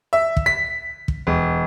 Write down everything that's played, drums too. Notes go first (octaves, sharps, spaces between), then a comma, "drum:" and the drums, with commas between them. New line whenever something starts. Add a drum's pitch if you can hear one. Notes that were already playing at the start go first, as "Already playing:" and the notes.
E5
drum: kick
B6
drum: kick
E1